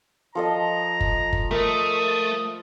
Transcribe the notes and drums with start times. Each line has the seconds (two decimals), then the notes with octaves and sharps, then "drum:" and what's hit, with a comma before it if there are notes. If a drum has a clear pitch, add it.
0.35 F3 A4 D#5 A#5
1.00 drum: kick F#1
1.33 drum: kick F#1
1.51 A3 A#4 D#6